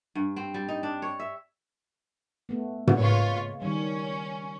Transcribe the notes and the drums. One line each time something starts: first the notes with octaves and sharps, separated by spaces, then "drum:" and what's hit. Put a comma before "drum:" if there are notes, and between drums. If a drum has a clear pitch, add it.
G2
C4
G3
D#4
D4
C#5
E5
A3 B3
drum: tom
C#3 G#3 F4 B4 C#5
D#3 G3 C#4